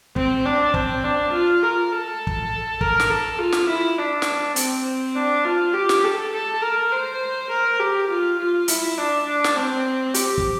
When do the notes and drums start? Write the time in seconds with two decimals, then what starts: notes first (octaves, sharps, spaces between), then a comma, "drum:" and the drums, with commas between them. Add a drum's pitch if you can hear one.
0.16 C4, drum: kick
0.45 D4
0.74 C4, drum: kick
1.04 D4
1.33 F4
1.63 A#4
1.92 A4
2.27 drum: kick
2.81 A#4, drum: kick
3.00 drum: snare
3.10 A4
3.39 F4
3.52 drum: snare
3.69 E4
3.98 D4
4.22 drum: snare
4.56 C4, drum: hi-hat
5.15 D4
5.45 F4
5.74 G4
5.89 drum: snare
6.04 A4
6.33 A4
6.62 A#4
6.92 C5
7.50 A#4
7.80 G4
8.10 F4
8.39 F4
8.68 E4, drum: hi-hat
8.98 D4
9.26 D4
9.44 drum: snare
9.56 C4
10.14 G4, drum: hi-hat
10.38 drum: kick